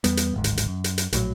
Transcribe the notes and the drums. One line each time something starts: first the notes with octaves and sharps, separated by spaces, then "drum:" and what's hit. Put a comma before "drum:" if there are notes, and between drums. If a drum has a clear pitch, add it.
E2 G3 B3, drum: hi-hat
drum: hi-hat
D1 G#1 G#2
drum: hi-hat
drum: hi-hat
F#2
drum: hi-hat
drum: hi-hat
A#1 A2 F3 F#3, drum: hi-hat